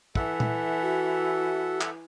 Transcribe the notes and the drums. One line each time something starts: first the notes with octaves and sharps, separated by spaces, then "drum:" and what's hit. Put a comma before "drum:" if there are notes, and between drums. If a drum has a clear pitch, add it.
E3 A4 E5 F#5, drum: kick
drum: tom A#2
F#4
drum: clap